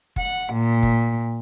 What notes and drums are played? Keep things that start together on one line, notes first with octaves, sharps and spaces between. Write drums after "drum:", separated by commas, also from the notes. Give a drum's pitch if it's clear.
F#5, drum: kick F#1
A#2
drum: kick F#1